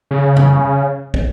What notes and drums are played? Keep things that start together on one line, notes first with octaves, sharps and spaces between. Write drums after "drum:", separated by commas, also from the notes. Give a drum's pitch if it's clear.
C#3
drum: tom
drum: kick